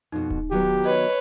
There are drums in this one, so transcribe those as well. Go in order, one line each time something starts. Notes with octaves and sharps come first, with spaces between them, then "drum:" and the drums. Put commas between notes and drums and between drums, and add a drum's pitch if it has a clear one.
F2 B2 D#4
drum: kick D1
D#3 F#3 B3 G4
B4 C#5 D#5